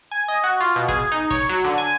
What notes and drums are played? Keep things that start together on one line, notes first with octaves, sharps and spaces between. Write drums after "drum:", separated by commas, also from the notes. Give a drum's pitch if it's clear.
G#5
D#5
F#4
F4, drum: hi-hat
B2, drum: hi-hat
G#4, drum: kick, hi-hat
D#4
C#5, drum: kick, open hi-hat
F#3
D3
G#5